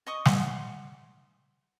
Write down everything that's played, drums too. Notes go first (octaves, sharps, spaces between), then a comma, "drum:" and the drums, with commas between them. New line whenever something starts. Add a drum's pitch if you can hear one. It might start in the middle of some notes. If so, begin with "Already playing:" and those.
D#5 C#6 D#6
F#5 C6, drum: snare